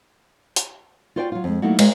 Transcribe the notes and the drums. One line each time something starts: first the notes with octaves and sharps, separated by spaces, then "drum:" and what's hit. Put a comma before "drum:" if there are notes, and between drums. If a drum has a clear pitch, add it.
drum: hi-hat
F4 F#4 C5 D5 F#5 G5
F#3 F4
F2 G#3
F#3 A3 A#3 D#4 E4 F#4
G#3 D#5, drum: cymbal